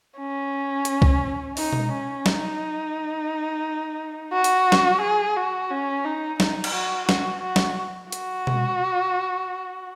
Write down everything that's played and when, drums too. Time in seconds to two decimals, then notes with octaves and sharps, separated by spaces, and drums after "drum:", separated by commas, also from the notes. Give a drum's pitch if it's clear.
0.19 C#4
0.85 drum: hi-hat
1.02 drum: kick C2
1.57 D#4, drum: open hi-hat
1.73 drum: tom B2
1.92 C#4
2.26 D#4, drum: snare
4.33 F#4
4.44 drum: hi-hat
4.72 drum: snare
5.02 G#4
5.37 F#4
5.71 C#4
6.05 D#4
6.40 D#4, drum: snare
6.64 drum: cymbal
6.74 F#4
7.09 F#4, drum: snare
7.43 F#4
7.56 drum: snare
8.12 F#4, drum: hi-hat
8.47 drum: tom B2